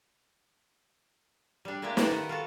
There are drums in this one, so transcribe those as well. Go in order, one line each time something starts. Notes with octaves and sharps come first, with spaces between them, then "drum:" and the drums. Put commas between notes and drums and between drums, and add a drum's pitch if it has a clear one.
G3 D4
G3 G#3 A#3 D4 E4 G4
A4 C5 D5 D#5, drum: snare
D#3 B3
F4 F#4 A4